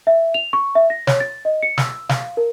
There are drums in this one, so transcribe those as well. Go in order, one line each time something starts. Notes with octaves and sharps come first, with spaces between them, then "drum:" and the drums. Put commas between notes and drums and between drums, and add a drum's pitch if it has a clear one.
E5
F7
C#6
E5
A#6
C#5, drum: snare
A6
D#5
C#7
E6, drum: snare
F5, drum: snare
A#4